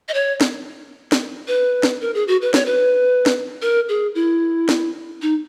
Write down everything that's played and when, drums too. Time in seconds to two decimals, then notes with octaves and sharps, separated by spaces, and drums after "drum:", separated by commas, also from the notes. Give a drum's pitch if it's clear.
0.09 D#5
0.14 C#5
0.41 drum: snare
1.12 drum: snare
1.48 B4
1.83 drum: snare
2.01 A#4
2.15 G#4
2.28 F#4
2.42 B4
2.54 C#5, drum: snare
2.66 B4
3.26 drum: snare
3.62 A#4
3.89 G#4
4.15 E4
4.69 drum: snare
5.22 D#4